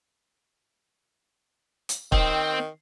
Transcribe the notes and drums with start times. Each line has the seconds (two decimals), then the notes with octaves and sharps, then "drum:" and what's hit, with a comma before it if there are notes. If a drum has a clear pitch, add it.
1.89 drum: hi-hat
2.12 D#3 C4, drum: kick